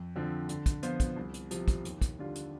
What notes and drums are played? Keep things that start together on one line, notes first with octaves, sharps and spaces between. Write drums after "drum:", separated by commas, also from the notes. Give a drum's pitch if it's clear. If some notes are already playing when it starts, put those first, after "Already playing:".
Already playing: F2
D3 F3 C4
D3, drum: hi-hat
drum: kick, hi-hat
F3 B3 F4 C5, drum: hi-hat
drum: kick, hi-hat
C2
drum: hi-hat
C3 F3, drum: hi-hat
drum: kick, hi-hat
D#2, drum: hi-hat
drum: kick, hi-hat
D3 G3 D4 F4
drum: hi-hat